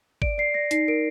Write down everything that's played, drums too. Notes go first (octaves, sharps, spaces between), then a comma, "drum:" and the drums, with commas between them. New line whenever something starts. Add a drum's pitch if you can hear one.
D5 D7, drum: kick
D5 C7
D5 A#6
D#4 C7, drum: hi-hat
A#4 D7